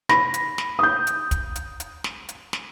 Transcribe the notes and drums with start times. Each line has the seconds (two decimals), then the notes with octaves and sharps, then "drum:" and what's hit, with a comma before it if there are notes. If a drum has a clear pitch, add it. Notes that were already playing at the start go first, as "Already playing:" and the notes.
0.09 B5 A#6, drum: snare
0.34 drum: hi-hat
0.58 drum: snare
0.79 D#6 G6
1.07 drum: hi-hat
1.31 drum: kick, hi-hat
1.56 drum: hi-hat
1.80 drum: hi-hat
2.04 drum: snare
2.29 drum: hi-hat
2.53 drum: snare